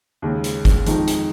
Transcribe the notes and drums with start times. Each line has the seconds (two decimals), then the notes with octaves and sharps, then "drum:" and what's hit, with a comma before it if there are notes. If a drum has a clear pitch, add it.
0.22 D#2 C#3 G#3
0.44 drum: hi-hat
0.65 drum: kick, hi-hat
0.86 F2 D#3 G#3 D#4, drum: hi-hat
1.07 drum: hi-hat